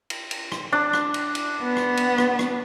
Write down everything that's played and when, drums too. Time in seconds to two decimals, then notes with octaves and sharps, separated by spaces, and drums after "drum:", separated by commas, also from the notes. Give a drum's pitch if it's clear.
0.10 drum: cymbal
0.31 drum: cymbal
0.52 drum: rim click
0.73 D4
0.93 drum: rim click
1.14 drum: cymbal
1.35 drum: cymbal
1.63 B3
1.77 drum: rim click
1.97 drum: cymbal
2.18 drum: rim click
2.39 drum: rim click